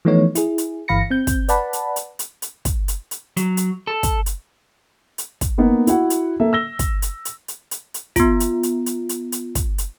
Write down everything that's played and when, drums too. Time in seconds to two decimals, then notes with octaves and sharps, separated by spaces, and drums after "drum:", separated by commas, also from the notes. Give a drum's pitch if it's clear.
0.05 E3 F3 A3 B3 D#4 C#5
0.35 E4 G#4, drum: hi-hat
0.58 drum: hi-hat
0.88 G1 E3 F5 B5 A#6 C#7
1.10 C4 G6
1.27 drum: kick, hi-hat
1.48 B4 D5 F#5 A5 B5, drum: hi-hat
1.73 drum: hi-hat
1.96 drum: hi-hat
2.19 drum: hi-hat
2.42 drum: hi-hat
2.65 drum: kick, hi-hat
2.88 drum: hi-hat
3.11 drum: hi-hat
3.37 F#3, drum: hi-hat
3.57 drum: hi-hat
3.87 A4
4.03 drum: kick, hi-hat
4.26 drum: hi-hat
5.18 drum: hi-hat
5.41 drum: kick, hi-hat
5.58 A#3 B3 D#4 A#4
5.87 E4 F#4 F#5, drum: hi-hat
6.10 drum: hi-hat
6.40 A#3 A4 E5
6.53 E6 A#6 G7
6.79 drum: kick, hi-hat
7.02 drum: hi-hat
7.25 drum: hi-hat
7.48 drum: hi-hat
7.71 drum: hi-hat
7.94 drum: hi-hat
8.16 B3 F4, drum: kick, hi-hat
8.40 drum: hi-hat
8.63 drum: hi-hat
8.86 drum: hi-hat
9.09 drum: hi-hat
9.32 drum: hi-hat
9.55 drum: kick, hi-hat
9.78 drum: hi-hat